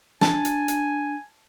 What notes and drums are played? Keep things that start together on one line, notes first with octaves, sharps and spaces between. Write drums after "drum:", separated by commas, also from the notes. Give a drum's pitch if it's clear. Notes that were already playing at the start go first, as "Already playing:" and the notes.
D4 G#5 A5, drum: snare
drum: hi-hat
drum: hi-hat